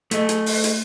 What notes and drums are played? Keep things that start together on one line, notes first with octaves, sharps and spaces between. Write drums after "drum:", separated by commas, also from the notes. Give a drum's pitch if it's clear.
A3 D#5, drum: hi-hat
drum: hi-hat
drum: open hi-hat
drum: hi-hat